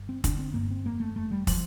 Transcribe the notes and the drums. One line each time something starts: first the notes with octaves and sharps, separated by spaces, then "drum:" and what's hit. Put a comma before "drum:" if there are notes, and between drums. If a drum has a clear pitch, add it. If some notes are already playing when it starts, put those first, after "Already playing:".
Already playing: G1
C4
D3 D4, drum: kick, hi-hat
C4
G2 A#3
C4
F1 A#3
A3
F1 A3
G3
F3, drum: kick, open hi-hat